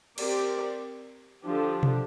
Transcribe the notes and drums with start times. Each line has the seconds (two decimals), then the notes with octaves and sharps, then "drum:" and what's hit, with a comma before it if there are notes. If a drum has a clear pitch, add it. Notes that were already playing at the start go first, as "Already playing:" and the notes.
0.18 C4 G4 A#4 D5, drum: cymbal
1.44 D3 F3 D4 G4
1.83 drum: tom B2